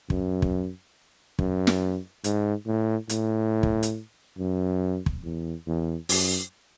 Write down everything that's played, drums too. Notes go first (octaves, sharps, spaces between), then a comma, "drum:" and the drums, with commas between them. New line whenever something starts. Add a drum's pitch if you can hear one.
F#2, drum: kick
drum: kick
F#2, drum: kick
drum: snare
G#2, drum: hi-hat
A2
A2, drum: hi-hat
drum: kick
drum: hi-hat
F#2
drum: kick
E2
E2
F#2, drum: open hi-hat